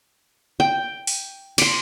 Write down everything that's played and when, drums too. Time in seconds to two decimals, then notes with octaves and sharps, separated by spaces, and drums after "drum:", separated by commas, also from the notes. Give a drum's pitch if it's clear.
0.60 G5
1.07 drum: open hi-hat
1.58 C6 D6, drum: cymbal